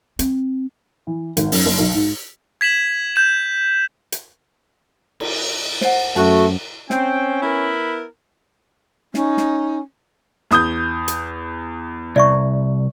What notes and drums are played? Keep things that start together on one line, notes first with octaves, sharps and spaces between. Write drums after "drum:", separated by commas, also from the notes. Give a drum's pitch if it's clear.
C4, drum: hi-hat
E3
G#1, drum: hi-hat
F#2, drum: open hi-hat
F#1
B1
G#2
G#6 B6 E7 F#7
G6 E7
drum: hi-hat
drum: cymbal
C5 F#5, drum: snare
F#2 A3 F#4 A5
C4 C#4 G5, drum: snare
B3 E4 A#4 B5
C#4 D#4, drum: snare
drum: snare
E2 D#6 G6, drum: snare
drum: hi-hat
C2 D5 E5 C#6